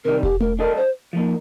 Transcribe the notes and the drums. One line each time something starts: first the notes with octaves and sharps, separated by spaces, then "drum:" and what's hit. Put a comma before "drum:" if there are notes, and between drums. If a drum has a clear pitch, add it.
C3 D#3 G3 A#4
G4, drum: kick E1
A#4, drum: tom A3
G3 D4 A4 A#4 D#5
C5
F3 A#3 D#4